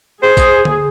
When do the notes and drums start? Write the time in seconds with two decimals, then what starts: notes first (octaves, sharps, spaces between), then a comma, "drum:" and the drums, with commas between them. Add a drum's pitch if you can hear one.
0.23 G#4 C5
0.37 drum: kick, tambourine
0.65 drum: tom D3